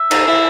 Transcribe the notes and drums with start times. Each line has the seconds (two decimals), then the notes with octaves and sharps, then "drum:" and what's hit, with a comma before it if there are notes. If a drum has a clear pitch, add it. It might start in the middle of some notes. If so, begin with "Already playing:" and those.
Already playing: E5
0.11 D#4, drum: cymbal
0.28 E4